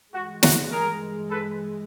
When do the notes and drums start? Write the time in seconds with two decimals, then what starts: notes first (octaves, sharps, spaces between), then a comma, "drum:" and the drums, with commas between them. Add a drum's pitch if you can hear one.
0.13 G2 E3 G#3 F#4
0.43 F#4, drum: snare
0.72 G#4 A#4
1.30 A4 B4